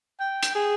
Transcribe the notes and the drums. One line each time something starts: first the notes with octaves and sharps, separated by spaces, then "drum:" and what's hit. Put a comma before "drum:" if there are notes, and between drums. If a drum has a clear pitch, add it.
G5
drum: hi-hat
G#4